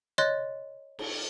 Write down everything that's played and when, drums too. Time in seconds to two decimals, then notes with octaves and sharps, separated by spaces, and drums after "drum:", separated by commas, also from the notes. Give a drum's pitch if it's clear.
0.18 C#5 D#5 C6 F#6 A6, drum: tom
0.99 drum: cymbal